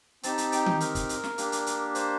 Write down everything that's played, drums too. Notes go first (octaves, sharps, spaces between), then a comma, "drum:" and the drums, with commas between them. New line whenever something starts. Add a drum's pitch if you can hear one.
C4 D#4 G4 A5, drum: hi-hat
drum: hi-hat
G5, drum: hi-hat
drum: tom D#3
A#4, drum: hi-hat
drum: kick, hi-hat
drum: hi-hat
drum: snare
A#3 D4 G4, drum: hi-hat
drum: hi-hat
drum: hi-hat
C5, drum: hi-hat